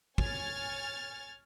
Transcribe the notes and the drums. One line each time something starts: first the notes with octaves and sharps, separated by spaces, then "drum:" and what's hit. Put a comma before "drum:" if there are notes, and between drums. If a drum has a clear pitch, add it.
C#5 G#5 F6 G#6 A6, drum: kick